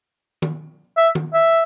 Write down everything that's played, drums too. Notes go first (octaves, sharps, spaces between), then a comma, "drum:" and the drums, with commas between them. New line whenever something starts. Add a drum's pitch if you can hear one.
drum: tom D#3
E5
drum: tom D#3
E5